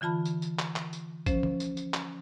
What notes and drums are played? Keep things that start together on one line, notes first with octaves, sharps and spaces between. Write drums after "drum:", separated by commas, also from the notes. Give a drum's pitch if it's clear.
D3 E3 F4 A5 B5
drum: tambourine
drum: tambourine
drum: clap
drum: clap
drum: tambourine
F3 C#4 C5, drum: kick, tambourine
drum: tom D3
drum: tambourine
drum: tambourine
drum: clap